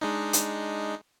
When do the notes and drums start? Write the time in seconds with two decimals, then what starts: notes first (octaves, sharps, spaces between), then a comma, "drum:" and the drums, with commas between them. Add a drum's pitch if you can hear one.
0.01 G#3 D4 D#4
0.33 drum: hi-hat